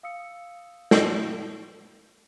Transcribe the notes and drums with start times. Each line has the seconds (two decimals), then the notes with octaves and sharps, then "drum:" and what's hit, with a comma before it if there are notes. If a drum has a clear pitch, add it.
0.03 F5 D#6 E6 C#7
0.91 drum: snare